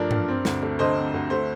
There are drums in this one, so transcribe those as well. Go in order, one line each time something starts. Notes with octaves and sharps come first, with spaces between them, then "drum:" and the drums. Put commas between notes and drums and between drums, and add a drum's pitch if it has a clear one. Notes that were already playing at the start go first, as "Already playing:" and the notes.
Already playing: G2 F3 A3 D4 A#4 D5
G2, drum: tom G#2
C4
D2, drum: snare
A3
D3 C5 D#5
C4
D2
A3 C5